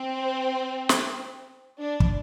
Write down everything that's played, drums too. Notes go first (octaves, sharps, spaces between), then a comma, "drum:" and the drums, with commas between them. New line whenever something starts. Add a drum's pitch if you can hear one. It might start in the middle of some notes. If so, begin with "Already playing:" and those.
Already playing: C4
drum: snare
D4
drum: kick